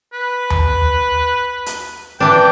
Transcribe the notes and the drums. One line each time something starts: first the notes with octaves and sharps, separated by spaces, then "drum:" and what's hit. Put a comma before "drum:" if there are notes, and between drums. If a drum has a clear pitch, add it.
B4
drum: tom D#2
drum: hi-hat
E3 D4 G5